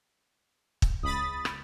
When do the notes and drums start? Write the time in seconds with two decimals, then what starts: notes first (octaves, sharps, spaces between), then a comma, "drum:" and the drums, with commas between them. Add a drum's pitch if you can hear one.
0.82 drum: kick
1.03 C#2 B5 D#6 A6
1.45 drum: rim click